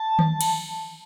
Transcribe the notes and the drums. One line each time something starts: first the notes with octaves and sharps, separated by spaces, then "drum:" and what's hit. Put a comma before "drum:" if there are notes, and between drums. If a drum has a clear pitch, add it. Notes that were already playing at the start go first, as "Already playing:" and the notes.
Already playing: A5
drum: tom D#3
drum: cymbal